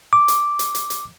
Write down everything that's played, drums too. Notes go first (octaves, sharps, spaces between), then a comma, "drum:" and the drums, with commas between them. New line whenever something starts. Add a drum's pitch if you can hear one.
D6
drum: hi-hat
drum: hi-hat
drum: hi-hat
drum: hi-hat